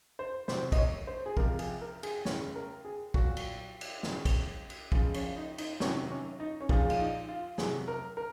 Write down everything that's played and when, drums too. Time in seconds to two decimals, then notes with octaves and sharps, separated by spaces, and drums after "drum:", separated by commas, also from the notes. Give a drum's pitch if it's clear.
0.19 C5
0.48 C3 F#3 C5, drum: snare
0.72 D#5, drum: kick, cymbal
0.77 C#5
1.07 C5
1.26 G#4
1.37 C3 F3 G#3 A#4, drum: kick
1.59 G#4, drum: cymbal
1.81 A#4
2.03 G#4, drum: cymbal
2.25 C#3 G#3 C#5, drum: snare
2.56 A#4
2.85 G#4
3.14 A#2 F#3 F#4, drum: kick
3.37 drum: cymbal
3.81 drum: cymbal
4.03 C#3 F#3, drum: snare
4.25 drum: kick, cymbal
4.70 drum: cymbal
4.92 C#3 F3 G#3 F4, drum: kick
5.14 C#4, drum: cymbal
5.36 D#4
5.58 D#4, drum: cymbal
5.80 C3 D#3 F#3 C#4, drum: snare
6.10 C#4
6.40 D#4
6.61 C#4
6.69 A#2 F3 G#3 D#4, drum: kick
6.90 F4, drum: cymbal
6.99 D#4
7.29 F4
7.58 C3 F#3 G#4, drum: snare
7.88 A#4
8.17 A#4